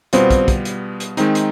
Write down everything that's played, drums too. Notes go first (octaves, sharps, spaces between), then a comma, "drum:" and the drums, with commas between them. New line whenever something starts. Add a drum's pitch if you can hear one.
B2 G3 B3 C4 F4, drum: hi-hat
drum: kick, hi-hat
drum: kick, hi-hat
drum: hi-hat
drum: hi-hat
D#3 G#3 C4 D#4, drum: hi-hat
drum: hi-hat